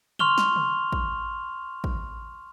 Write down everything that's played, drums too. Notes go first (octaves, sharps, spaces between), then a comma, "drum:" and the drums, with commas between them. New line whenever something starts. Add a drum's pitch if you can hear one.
C6 C#6 F6 F7 G7, drum: tom
drum: snare
drum: tom
drum: kick
drum: kick